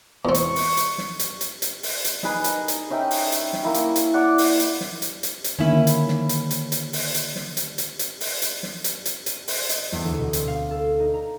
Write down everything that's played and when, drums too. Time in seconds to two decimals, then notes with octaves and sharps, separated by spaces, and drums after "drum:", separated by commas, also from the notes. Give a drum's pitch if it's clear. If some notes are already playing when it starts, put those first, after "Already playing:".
0.25 E2 C4 C#6
0.34 drum: hi-hat
0.56 drum: open hi-hat
0.77 drum: hi-hat
0.98 drum: snare
1.19 drum: hi-hat
1.41 drum: hi-hat
1.62 drum: hi-hat
1.83 drum: open hi-hat
2.04 drum: hi-hat
2.23 D#4 G#4 B4, drum: snare
2.44 A#4 D#5, drum: hi-hat
2.68 drum: hi-hat
2.90 C#4 D#4 E5 G5
3.11 drum: open hi-hat
3.32 drum: hi-hat
3.53 drum: snare
3.63 A#3 E4 A#4
3.74 drum: hi-hat
3.96 drum: hi-hat
4.13 D5 F#5 A#5 D6
4.38 drum: open hi-hat
4.59 drum: hi-hat
4.81 drum: snare
5.02 drum: hi-hat
5.23 drum: hi-hat
5.44 drum: hi-hat
5.59 D3 D#3 A#3 C#4 E4
5.87 drum: hi-hat
6.08 drum: snare
6.29 drum: hi-hat
6.51 drum: hi-hat
6.72 drum: hi-hat
6.93 drum: open hi-hat
7.14 drum: hi-hat
7.36 drum: snare
7.57 drum: hi-hat
7.78 drum: hi-hat
7.99 drum: hi-hat
8.21 drum: open hi-hat
8.42 drum: hi-hat
8.63 drum: snare
8.84 drum: hi-hat
9.05 drum: hi-hat
9.26 D#7, drum: hi-hat
9.48 C5, drum: open hi-hat
9.69 D#5, drum: hi-hat
9.92 E2, drum: snare
10.04 D2
10.18 B2
10.33 C4, drum: hi-hat
10.48 F5
10.71 A4
11.00 D#4
11.14 A#5